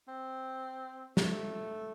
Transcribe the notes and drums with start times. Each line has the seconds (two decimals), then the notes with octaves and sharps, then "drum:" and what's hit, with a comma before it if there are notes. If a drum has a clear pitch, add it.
0.08 C4
1.17 A3, drum: snare